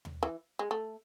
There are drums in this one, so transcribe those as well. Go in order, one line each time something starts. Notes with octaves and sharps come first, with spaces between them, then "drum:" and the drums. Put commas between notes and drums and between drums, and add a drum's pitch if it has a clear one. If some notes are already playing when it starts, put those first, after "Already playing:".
drum: tom D#2
E3
G#3
A3